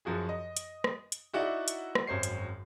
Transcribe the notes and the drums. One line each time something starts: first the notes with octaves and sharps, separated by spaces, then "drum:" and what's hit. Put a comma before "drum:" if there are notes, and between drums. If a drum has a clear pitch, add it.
F#2 F3 F#4 G#4
D#5
drum: hi-hat
drum: rim click
drum: hi-hat
D#4 E4 F#4 D5 E5 F#5
drum: hi-hat
drum: rim click
G#1 F#2 C5 C#5 C7
drum: hi-hat